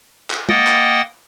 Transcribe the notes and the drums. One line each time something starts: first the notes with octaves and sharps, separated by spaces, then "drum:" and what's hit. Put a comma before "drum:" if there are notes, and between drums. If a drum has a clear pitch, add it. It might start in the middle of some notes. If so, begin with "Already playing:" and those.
drum: clap
A#3 D#5 F#5 G5 D#6 A6, drum: tom
drum: clap